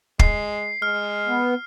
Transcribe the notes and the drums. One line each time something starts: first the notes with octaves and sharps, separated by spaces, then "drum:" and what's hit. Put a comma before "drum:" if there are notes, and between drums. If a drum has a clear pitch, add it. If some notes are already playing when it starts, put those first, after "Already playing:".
G#3 C7, drum: kick
G#3 F6
B3